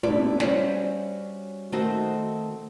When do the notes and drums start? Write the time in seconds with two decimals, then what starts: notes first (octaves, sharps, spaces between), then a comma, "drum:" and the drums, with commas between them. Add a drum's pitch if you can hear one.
0.03 F2 G3 A3 E4 B4 D5, drum: tom
0.40 G3 C#4 F#4 C5 C#5 E5, drum: snare
1.72 D#3 A3 C4 D#4 F#4 C5